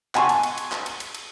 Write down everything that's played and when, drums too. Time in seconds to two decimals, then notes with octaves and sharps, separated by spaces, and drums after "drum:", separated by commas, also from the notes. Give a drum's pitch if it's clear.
0.15 F#5 G#5 A5 C6 C#6, drum: clap
0.29 drum: cymbal
0.43 drum: cymbal
0.58 drum: cymbal
0.72 drum: clap
0.86 drum: cymbal
1.00 drum: cymbal
1.15 drum: cymbal